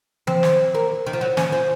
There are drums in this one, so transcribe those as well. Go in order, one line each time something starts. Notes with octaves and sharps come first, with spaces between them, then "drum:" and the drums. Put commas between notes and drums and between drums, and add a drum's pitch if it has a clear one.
C4, drum: tom E3
drum: snare
A#3
D#3
F3
F#3
C#4, drum: snare
F3